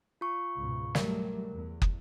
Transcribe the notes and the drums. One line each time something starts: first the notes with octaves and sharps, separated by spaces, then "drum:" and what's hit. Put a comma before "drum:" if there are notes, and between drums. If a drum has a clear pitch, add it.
F4 C#6
C#2 G#2 B2
F#3 G3 A3 A#4, drum: snare
E2
drum: kick